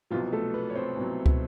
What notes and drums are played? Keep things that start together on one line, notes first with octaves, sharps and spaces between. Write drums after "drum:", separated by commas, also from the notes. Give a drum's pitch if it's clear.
C2 B2 F3 F#3 F4
A3 A4
B3 B4
C#5
C4 C5
C2 B2 F#3
drum: kick